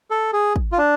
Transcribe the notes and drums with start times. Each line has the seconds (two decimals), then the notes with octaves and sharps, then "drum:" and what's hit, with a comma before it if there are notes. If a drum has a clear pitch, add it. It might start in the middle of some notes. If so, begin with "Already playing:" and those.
0.11 A4
0.33 G#4
0.56 drum: kick
0.72 F4
0.78 D4